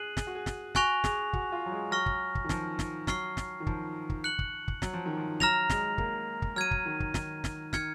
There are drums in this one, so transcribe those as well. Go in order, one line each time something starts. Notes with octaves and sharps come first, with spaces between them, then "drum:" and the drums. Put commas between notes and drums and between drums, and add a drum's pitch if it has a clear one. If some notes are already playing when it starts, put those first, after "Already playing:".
Already playing: G#4 F#6 C7 D#7 F#7
G#4, drum: snare
F#4
G#4
drum: snare
F#4 G#5 C#6 F#6 A#6 F7, drum: snare
G#4, drum: snare
F#4, drum: kick
F4
F#3
G#3
F#3 C#6 F6 A#6
drum: kick
drum: kick
D#3
F3, drum: snare
drum: snare
F#3 C#6 F6 C7, drum: snare
drum: snare
D#3
F3, drum: kick
drum: kick
F#6 C#7 F#7
drum: kick
drum: kick
F#3, drum: snare
F3
D#3
F3
F#3 A#5 F6 A#6 F7, drum: snare
G#3, drum: snare
A#3, drum: kick
drum: kick
F#3 F6 G#6 D#7
drum: kick
D#3
drum: kick
D#3, drum: snare
drum: snare
D#3 F6 G#6 C#7, drum: snare